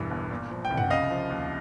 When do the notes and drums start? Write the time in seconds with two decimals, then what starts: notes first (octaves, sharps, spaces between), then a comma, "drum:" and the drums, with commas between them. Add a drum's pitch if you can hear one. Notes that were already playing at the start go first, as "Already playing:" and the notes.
Already playing: E1 G2 E3
0.11 G1
0.31 A#2
0.50 F3
0.65 G5
0.70 C2
0.77 F#5, drum: tom F#2
0.90 C#3 D#5 F5
1.10 F3
1.30 D#2